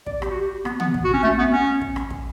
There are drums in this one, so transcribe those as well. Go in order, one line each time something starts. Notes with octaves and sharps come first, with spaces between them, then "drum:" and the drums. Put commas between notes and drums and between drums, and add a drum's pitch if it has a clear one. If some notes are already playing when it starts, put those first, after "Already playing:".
D5, drum: kick
G4, drum: rim click
F#4
G4
B3, drum: rim click
B3, drum: tom
drum: kick
F#4
C#4
A3, drum: kick
B3
C#4
drum: kick
drum: rim click
drum: kick